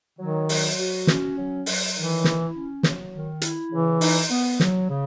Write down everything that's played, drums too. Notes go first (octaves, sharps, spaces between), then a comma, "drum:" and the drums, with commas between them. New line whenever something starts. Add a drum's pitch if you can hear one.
D#3 F#3
F#3, drum: open hi-hat
F#4
C#4, drum: snare
F#3
F#3, drum: open hi-hat
D#3 E3
E4, drum: snare
C#4
F#3, drum: snare
D#3
E4, drum: hi-hat
C#3 E3
D#4, drum: open hi-hat
B3
F#3, drum: snare
C#3